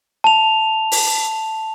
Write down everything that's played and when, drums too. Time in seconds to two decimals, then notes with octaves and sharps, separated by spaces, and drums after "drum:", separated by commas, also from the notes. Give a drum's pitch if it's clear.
0.24 A5 F7
0.92 drum: open hi-hat